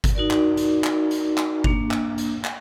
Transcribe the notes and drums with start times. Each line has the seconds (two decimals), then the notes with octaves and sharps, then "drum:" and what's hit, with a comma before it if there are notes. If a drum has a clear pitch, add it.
0.04 drum: kick G1, hi-hat
0.15 D#4 F#4 A#4 D5
0.31 drum: clap
0.57 drum: hi-hat
0.84 drum: clap
1.11 drum: hi-hat
1.38 drum: clap
1.64 A#3 D4, drum: kick G1
1.91 drum: clap
2.18 drum: hi-hat
2.45 drum: clap